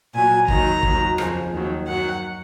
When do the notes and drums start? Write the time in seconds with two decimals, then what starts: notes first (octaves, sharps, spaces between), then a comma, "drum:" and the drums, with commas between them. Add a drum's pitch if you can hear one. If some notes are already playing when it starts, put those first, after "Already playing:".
0.14 A#2 F#3 G#5
0.48 D#2 D#3 F#3 A#5, drum: kick
0.83 D#2 D#3 F#3, drum: kick
1.18 F2 C#3 F3, drum: rim click
1.52 D#2 D#3 F#3
1.87 F#2 D#3 F#3 F#5